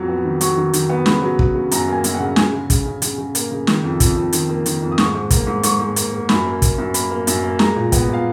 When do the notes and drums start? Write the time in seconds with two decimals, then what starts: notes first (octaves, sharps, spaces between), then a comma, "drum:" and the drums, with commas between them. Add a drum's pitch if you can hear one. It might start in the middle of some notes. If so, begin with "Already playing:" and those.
Already playing: F2 F#3
0.08 B3
0.25 D#3
0.41 F#3 C#6, drum: hi-hat
0.57 D#3
0.73 D#3, drum: hi-hat
0.90 B3
1.06 C#3 B5, drum: snare
1.22 F#3
1.39 F#3, drum: kick
1.55 C#3
1.71 F#2 A#5, drum: hi-hat
1.88 A#3 G#5
2.04 F#2, drum: hi-hat
2.14 F#5
2.20 C#3
2.36 C#3 G#5, drum: snare
2.52 C#3
2.70 C#3, drum: kick, hi-hat
2.85 C#3
3.02 C#3, drum: hi-hat
3.18 C#3
3.35 A#3, drum: hi-hat
3.51 C#3
3.67 D#3, drum: snare
3.84 F2
4.00 F2, drum: kick, hi-hat
4.17 F2
4.33 D#3, drum: hi-hat
4.50 A#3
4.66 D#3, drum: hi-hat
4.82 F2
4.92 D#6
4.98 G#2 C#6, drum: snare
5.14 G#2
5.31 A#3, drum: kick, hi-hat
5.47 G#2
5.63 G#2 C#6, drum: hi-hat
5.80 G#2
5.96 A#3, drum: hi-hat
6.13 A#3
6.29 F#2 B5, drum: snare
6.46 A#3
6.62 A#3, drum: kick, hi-hat
6.78 F#2
6.94 A#3 B5, drum: hi-hat
7.11 A#3
7.27 F#2, drum: hi-hat
7.43 A#3
7.59 G#3 A#5, drum: snare
7.76 A#2
7.92 B3, drum: kick, hi-hat
8.08 A#2
8.13 F5